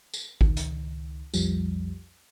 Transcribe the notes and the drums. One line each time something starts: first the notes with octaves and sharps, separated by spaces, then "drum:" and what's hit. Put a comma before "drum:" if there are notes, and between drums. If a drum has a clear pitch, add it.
drum: tambourine
C#2 D#3, drum: kick G#1
drum: hi-hat
B1 F2 F3 G3, drum: tambourine